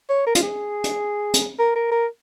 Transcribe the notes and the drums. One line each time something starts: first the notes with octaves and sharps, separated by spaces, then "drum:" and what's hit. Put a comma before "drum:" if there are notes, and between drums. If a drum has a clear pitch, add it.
C#5
A#4
F4, drum: hi-hat
G#4
drum: hi-hat
drum: hi-hat
A#4
A#4
A#4